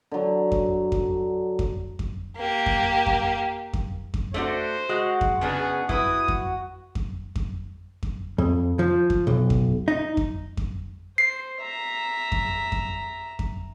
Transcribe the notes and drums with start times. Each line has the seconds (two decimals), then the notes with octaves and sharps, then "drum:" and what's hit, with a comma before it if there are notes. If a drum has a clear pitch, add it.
0.11 D3 F#3
0.52 drum: kick F2
0.92 drum: kick F2
1.59 drum: kick F2
1.99 drum: kick F2
2.37 A#3 G4
2.66 drum: kick F2
3.07 drum: kick F2
3.74 drum: kick F2
4.14 drum: kick F2
4.34 A3 D4 F#4 C5
4.89 G#3 F#4
5.21 drum: kick F2
5.41 C#3 B3 D4 G#4
5.89 E4 B4 D#6, drum: kick F2
6.28 drum: kick F2
6.95 drum: kick F2
7.36 drum: kick F2
8.03 drum: kick F2
8.38 F2
8.79 F3
9.10 drum: kick F2
9.27 B1
9.50 drum: kick F2
9.88 D#4
10.17 drum: kick F2
10.57 drum: kick F2
11.18 C5 C7
11.61 E5 A#5
12.32 drum: kick F2
12.72 drum: kick F2
13.39 drum: kick F2